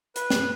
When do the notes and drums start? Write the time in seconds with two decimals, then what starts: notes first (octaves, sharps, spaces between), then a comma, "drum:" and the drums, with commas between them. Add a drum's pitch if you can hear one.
0.16 B4, drum: hi-hat
0.30 drum: snare